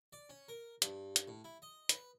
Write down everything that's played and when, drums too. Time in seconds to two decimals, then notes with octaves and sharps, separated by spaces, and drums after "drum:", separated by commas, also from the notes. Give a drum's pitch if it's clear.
0.13 D5
0.29 C#4
0.48 A#4
0.82 G2, drum: hi-hat
1.16 drum: hi-hat
1.28 A2
1.44 E4
1.62 D#5
1.89 B4, drum: hi-hat